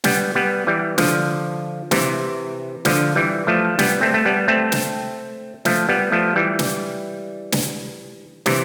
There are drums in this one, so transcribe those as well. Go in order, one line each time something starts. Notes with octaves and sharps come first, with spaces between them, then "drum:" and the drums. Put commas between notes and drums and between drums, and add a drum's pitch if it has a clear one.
G3 B3, drum: snare
G3 B3
E3 G3
D3 F3, drum: snare
C3 E3, drum: snare
D3 F3, drum: snare
E3 G3
F3 A3
G3 B3, drum: snare
A3 C4
A3
G3 B3
A3 C4
drum: snare
F3 A3, drum: snare
G3 B3
F3 A3
E3 G3
drum: snare
drum: snare
C3 E3, drum: snare